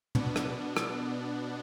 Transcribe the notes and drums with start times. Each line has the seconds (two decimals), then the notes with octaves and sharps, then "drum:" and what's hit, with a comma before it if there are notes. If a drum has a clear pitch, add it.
0.15 B2 B3 D4, drum: tom
0.36 drum: rim click
0.77 drum: rim click